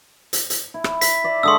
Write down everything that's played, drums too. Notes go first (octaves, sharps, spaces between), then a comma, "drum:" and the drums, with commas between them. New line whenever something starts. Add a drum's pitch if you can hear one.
drum: hi-hat
drum: hi-hat
E4
drum: rim click
B6, drum: hi-hat
D5 E5
D3 G#3 C6 C#6 D#6 E6